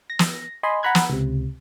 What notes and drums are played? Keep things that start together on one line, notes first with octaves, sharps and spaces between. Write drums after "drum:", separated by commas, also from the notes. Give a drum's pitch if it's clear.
A#6
drum: snare
D#5 G#5 B5 C6
F#5 A#5 B5 F#6 G#6
drum: snare
C#2 C3